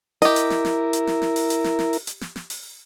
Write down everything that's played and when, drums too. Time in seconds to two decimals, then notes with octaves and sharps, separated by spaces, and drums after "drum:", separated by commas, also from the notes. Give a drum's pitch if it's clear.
0.22 E4 G4 A#4 D#5, drum: open hi-hat
0.36 drum: hi-hat
0.50 drum: snare
0.65 drum: snare
0.93 drum: hi-hat
1.07 drum: snare
1.22 drum: snare
1.36 drum: open hi-hat
1.50 drum: hi-hat
1.64 drum: snare
1.79 drum: snare
1.93 drum: open hi-hat
2.07 drum: hi-hat
2.21 drum: snare
2.36 drum: snare
2.50 drum: open hi-hat